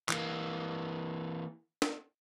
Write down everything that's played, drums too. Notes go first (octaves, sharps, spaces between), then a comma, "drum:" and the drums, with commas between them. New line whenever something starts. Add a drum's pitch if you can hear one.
E3 A#3, drum: clap
drum: snare